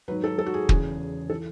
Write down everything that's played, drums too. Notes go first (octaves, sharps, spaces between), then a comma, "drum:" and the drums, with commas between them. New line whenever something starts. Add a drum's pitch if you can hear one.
G#2 D#3 F#3 B4
A4
A4
F#4
G#4
E2 C#3 E3, drum: kick
E3 A4